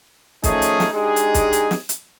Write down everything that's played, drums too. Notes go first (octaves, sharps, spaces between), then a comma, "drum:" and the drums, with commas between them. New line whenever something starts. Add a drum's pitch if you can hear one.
D#3 F3 A3 C#4 D#4 G#4, drum: kick, hi-hat
drum: hi-hat
drum: snare
G#3 D4 D#4 G4 G#4
drum: hi-hat
drum: kick, hi-hat
drum: hi-hat
drum: snare
drum: hi-hat